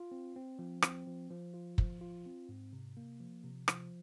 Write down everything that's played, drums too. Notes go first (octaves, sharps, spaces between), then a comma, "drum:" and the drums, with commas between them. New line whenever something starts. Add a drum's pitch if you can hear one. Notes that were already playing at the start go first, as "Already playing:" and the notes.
Already playing: F4
C4
C4
F3
C4, drum: rim click
F3
F3
F4
F3, drum: kick
F4
C4
G#2
C3
A#3
F3
C3
F3, drum: rim click